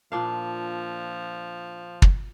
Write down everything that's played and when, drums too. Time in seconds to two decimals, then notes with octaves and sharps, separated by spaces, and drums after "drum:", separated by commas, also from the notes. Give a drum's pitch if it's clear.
0.12 A#2 F3 D4 F5
2.02 drum: kick